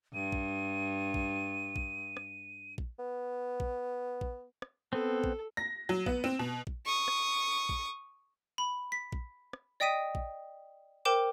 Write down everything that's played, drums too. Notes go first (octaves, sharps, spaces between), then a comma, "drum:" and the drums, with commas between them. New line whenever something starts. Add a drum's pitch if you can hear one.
G2 D#7
drum: kick A#1
drum: kick A#1
drum: kick A#1
drum: rim click
drum: kick A#1
B3
drum: kick A#1
drum: kick A#1
drum: rim click
B3 C4 A4
drum: kick A#1
A#6
F#3
B3, drum: kick A#1
C4
B2
drum: kick A#1
C#6 D#6
drum: rim click
drum: kick A#1
B5
B6
drum: kick A#1
drum: rim click
D5 D#5 G5 D#6 B6 D#7
drum: kick A#1
A#4 C5 G5 D6 E7